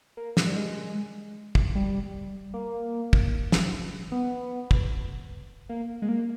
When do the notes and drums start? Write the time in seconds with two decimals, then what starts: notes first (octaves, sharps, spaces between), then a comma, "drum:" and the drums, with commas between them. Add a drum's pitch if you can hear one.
0.17 A#3
0.37 drum: snare
0.46 G3
0.56 G#3
1.55 drum: kick
1.75 G3
2.54 A#3
3.13 drum: kick
3.52 drum: snare
4.12 B3
4.71 drum: kick
5.69 A#3
6.02 G#3
6.09 A#3